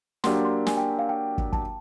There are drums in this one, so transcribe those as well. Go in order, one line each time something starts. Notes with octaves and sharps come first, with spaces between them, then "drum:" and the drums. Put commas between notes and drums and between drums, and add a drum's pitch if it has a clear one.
F#3 A#3 D4 G4 C6, drum: snare
C6
G#5, drum: snare
G5
F5
G5
drum: kick
A5, drum: kick